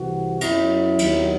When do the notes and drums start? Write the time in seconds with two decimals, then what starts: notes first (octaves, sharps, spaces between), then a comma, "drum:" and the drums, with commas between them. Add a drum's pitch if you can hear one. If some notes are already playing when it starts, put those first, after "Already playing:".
Already playing: C2 C3 E3 F#4
0.41 F#2 F#3 E4, drum: cymbal
0.99 D#2 D#3 F#3, drum: cymbal